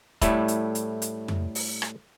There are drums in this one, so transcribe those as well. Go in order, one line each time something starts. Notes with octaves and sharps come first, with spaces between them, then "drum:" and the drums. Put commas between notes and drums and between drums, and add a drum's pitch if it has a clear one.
A2 G3 A3 E4, drum: kick E1, hi-hat
drum: hi-hat
drum: hi-hat
drum: hi-hat
drum: tom F2
drum: open hi-hat
drum: rim click